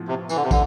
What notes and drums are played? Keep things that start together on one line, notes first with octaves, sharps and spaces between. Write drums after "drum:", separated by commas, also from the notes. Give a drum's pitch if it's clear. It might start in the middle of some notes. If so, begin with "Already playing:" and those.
Already playing: A2 F3 B3
C3
E3, drum: tambourine
D3
C3
D3, drum: kick, tambourine